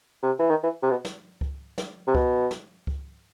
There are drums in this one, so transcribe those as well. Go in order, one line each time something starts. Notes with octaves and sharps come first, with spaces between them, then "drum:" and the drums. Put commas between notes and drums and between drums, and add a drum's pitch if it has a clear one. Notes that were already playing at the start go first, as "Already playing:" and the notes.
C3
E3
D#3
E3
C3
B2
drum: snare
drum: kick C#2
drum: snare
C3
B2, drum: kick C#2
drum: snare
drum: kick C#2